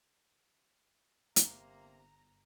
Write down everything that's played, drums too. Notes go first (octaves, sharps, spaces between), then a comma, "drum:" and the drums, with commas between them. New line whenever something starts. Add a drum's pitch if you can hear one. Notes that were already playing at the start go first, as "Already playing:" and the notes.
G1 C3 A#3 A#5, drum: hi-hat